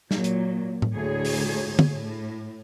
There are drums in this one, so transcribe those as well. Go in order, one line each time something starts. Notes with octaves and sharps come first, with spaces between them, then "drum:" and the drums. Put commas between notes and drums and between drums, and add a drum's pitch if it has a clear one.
A#2 F#3, drum: snare
drum: hi-hat
drum: tom A2
D2 A2 G#4 C#5
drum: open hi-hat
drum: tom D3
A2